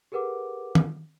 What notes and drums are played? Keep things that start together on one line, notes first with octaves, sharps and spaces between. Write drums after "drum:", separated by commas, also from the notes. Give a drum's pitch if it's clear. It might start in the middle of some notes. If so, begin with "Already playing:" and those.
G4 G#4 A#4 B4 F#5 D6
drum: tom